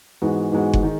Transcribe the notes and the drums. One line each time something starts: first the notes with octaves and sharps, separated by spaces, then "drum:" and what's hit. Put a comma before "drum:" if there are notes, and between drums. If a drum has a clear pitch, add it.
G#2 E3 G#3 B3 F#4
G#2 E3 G#3 B3 F#4
drum: kick F#1
D#3 G#3 D#4